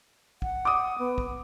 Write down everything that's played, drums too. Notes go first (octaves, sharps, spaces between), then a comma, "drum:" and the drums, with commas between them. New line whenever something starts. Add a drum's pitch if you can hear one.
F#5, drum: kick
D6 D#6
B3
drum: kick